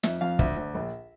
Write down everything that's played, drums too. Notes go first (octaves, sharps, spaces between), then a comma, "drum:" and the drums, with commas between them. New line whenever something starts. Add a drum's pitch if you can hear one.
F2 E5, drum: snare
F2 F5
D2 E5, drum: kick
D2
A#1